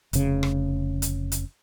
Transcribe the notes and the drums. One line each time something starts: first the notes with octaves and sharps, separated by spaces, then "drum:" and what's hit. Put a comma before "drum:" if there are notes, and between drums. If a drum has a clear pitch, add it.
F1 C#3, drum: hi-hat
drum: rim click
drum: hi-hat
drum: hi-hat